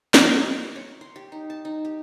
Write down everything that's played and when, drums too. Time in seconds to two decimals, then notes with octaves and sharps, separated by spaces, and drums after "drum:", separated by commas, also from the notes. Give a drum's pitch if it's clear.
0.14 D#5, drum: snare
0.36 A#5
0.76 C#5
1.01 C6
1.16 G4
1.32 D#4
1.50 A5
1.65 D#4
1.85 G4